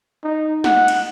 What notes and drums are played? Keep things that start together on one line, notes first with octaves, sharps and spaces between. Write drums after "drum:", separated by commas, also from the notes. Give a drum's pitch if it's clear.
D#4
F#5, drum: snare
drum: cymbal